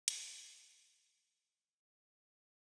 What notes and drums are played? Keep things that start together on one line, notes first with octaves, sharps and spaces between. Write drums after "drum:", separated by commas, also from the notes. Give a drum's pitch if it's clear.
B2 E3 F3 A3, drum: hi-hat